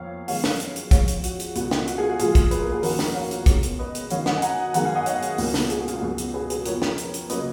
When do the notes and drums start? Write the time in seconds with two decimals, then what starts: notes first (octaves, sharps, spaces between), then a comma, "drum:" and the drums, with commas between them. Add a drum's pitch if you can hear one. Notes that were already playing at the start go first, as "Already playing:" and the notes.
Already playing: F2 F3 A#3 C#5 F5
0.28 F#2 D#3 G#3 B3 C#5 F5, drum: open hi-hat
0.44 drum: snare
0.60 drum: hi-hat
0.76 drum: hi-hat
0.91 F2 F3 G#3 C#4 C#5 F5, drum: kick, hi-hat
1.08 drum: hi-hat
1.24 F#4, drum: hi-hat
1.39 drum: hi-hat
1.55 C#2 B2 G#3 F#4, drum: hi-hat
1.71 drum: snare
1.87 F#4, drum: hi-hat
1.97 F4 G#4
2.09 F#4
2.19 A#2 F3 G#3 F4 G#4, drum: hi-hat
2.35 drum: kick, hi-hat
2.51 B4, drum: hi-hat
2.62 A#4
2.72 G#4
2.83 F2 D#3 A#3 C#4 F#4 A#4, drum: open hi-hat
2.99 drum: snare
3.14 C#5 F5
3.31 drum: hi-hat
3.46 B2 G#3 C#4, drum: kick, hi-hat
3.63 drum: hi-hat
3.79 B4 D#5
3.95 drum: hi-hat
4.10 F#2 D#3 F#3 C#4 C#5 F5, drum: hi-hat
4.26 D#5 F#5, drum: snare
4.38 G#5
4.42 F#5 A#5, drum: hi-hat
4.74 F#2 D#3 G#3 B3 F#5 A#5, drum: hi-hat
4.85 F5 G#5
4.96 D#5 F#5
5.06 C#5 F5, drum: hi-hat
5.22 drum: hi-hat
5.38 C#2 B2 A#3 C#4, drum: open hi-hat
5.54 drum: snare
5.70 G#4, drum: hi-hat
5.80 F#4
5.88 F4, drum: hi-hat
5.98 C#2 B2 F#3 F#4
6.18 drum: hi-hat
6.34 G#4 B4
6.50 G#4 B4, drum: hi-hat
6.65 F2 F3 B3 A#4 C#5, drum: hi-hat
6.82 drum: snare
6.98 drum: hi-hat
7.14 drum: hi-hat
7.29 C#3 F#3 A#3 B4 D#5, drum: hi-hat